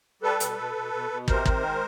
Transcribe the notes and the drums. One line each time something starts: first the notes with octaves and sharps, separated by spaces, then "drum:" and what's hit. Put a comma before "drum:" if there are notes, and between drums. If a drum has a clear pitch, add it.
G3 A4 B4
B2, drum: hi-hat
B2
B2
B2
B2
C3 A#4 C5, drum: kick
D#3, drum: kick
G#3